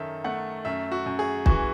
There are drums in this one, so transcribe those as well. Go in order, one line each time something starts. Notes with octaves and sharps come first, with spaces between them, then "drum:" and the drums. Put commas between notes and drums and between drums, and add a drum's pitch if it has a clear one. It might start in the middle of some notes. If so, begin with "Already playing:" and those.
Already playing: F#2 D#3 C#4 A4 E5
A3 F#5
F#2 E5
F#4
F#2
G#4
E3 F#4, drum: kick